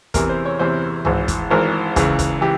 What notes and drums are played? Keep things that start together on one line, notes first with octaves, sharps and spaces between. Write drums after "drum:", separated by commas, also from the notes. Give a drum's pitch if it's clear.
E2 C3 E3 A#4, drum: kick, hi-hat
C5
C#5
E2 C3 E3 C5
G#1 G#2 E3, drum: tom C2
drum: kick, hi-hat
G#1 G#2 E3 A#4
C#2 C#3 E3, drum: kick, hi-hat
drum: kick, hi-hat
E3 G4